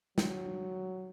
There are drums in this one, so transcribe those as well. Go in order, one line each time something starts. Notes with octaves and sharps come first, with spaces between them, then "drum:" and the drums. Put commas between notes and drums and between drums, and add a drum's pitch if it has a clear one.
F#3, drum: snare